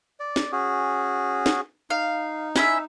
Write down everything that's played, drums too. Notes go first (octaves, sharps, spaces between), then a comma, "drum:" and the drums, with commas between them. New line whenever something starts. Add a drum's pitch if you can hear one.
D5
drum: snare
C#4 F#4 G#4
drum: snare
D#4 F5
C#4 E4 E5, drum: snare